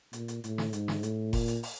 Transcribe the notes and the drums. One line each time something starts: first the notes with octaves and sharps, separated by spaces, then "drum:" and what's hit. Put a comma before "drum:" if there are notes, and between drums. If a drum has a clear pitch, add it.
A#2, drum: hi-hat
drum: hi-hat
A2, drum: hi-hat
drum: snare
G#2, drum: hi-hat
drum: snare
A2, drum: hi-hat
A#2, drum: kick F#1, open hi-hat
drum: hi-hat
drum: open hi-hat